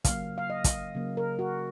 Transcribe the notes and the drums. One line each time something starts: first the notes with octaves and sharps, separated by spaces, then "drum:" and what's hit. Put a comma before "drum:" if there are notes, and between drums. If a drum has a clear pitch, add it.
C#3 F#3 A#3 F5, drum: kick, hi-hat
F5
D#5
drum: kick, hi-hat
C#3 F#3 A#3
A#4
F#4